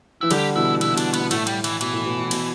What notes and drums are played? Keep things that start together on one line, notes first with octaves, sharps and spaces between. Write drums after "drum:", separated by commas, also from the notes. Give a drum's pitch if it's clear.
E3 E4
D3 G3 G4, drum: cymbal
B2 E3 E4
B2 E4, drum: cymbal
B2
D4, drum: cymbal
B2 B3, drum: cymbal
A2 A3, drum: cymbal
G3, drum: cymbal
E3, drum: cymbal
B2 E3, drum: cymbal
A2
B2
A2
B2, drum: cymbal